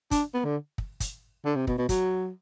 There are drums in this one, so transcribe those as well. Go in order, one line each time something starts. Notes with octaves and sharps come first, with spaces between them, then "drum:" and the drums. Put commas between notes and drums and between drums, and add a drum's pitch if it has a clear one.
D4, drum: kick, hi-hat
B3
D3
drum: kick
drum: kick, hi-hat
D3
C3
B2, drum: kick
B2
F#3, drum: kick, hi-hat